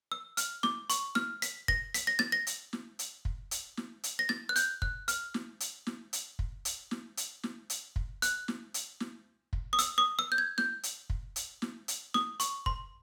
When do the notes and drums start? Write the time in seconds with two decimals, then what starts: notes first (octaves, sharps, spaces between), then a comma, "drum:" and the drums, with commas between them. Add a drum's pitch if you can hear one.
0.12 E6
0.37 F6, drum: hi-hat
0.63 D6, drum: snare
0.90 C#6, drum: hi-hat
1.15 F6, drum: snare
1.42 B6, drum: hi-hat
1.68 A#6, drum: kick
1.94 B6, drum: hi-hat
2.07 A#6
2.19 A6, drum: snare
2.32 A#6
2.47 drum: hi-hat
2.73 drum: snare
2.99 drum: hi-hat
3.25 drum: kick
3.51 drum: hi-hat
3.77 drum: snare
4.03 drum: hi-hat
4.19 A#6
4.29 A6, drum: snare
4.49 F#6
4.56 G6, drum: hi-hat
4.82 F#6, drum: kick
5.08 F6, drum: hi-hat
5.34 drum: snare
5.60 drum: hi-hat
5.87 drum: snare
6.13 drum: hi-hat
6.39 drum: kick
6.65 drum: hi-hat
6.91 drum: snare
7.17 drum: hi-hat
7.43 drum: snare
7.70 drum: hi-hat
7.96 drum: kick
8.22 F#6, drum: hi-hat
8.48 drum: snare
8.74 drum: hi-hat
9.00 drum: snare
9.53 drum: kick
9.73 D#6
9.79 E6, drum: hi-hat
9.98 D#6
10.19 E6
10.32 G6
10.38 G#6
10.58 G6, drum: snare
10.83 drum: hi-hat
11.10 drum: kick
11.36 drum: hi-hat
11.62 drum: snare
11.88 drum: hi-hat
12.14 D#6, drum: snare
12.40 C#6, drum: hi-hat
12.66 C6, drum: kick